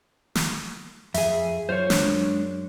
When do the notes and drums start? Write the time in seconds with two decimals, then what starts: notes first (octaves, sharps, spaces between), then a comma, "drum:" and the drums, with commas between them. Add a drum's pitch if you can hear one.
0.35 drum: snare
1.14 F2 G#4 E5, drum: hi-hat
1.69 F#2 F4 C5 C#5
1.90 G#3 D4, drum: snare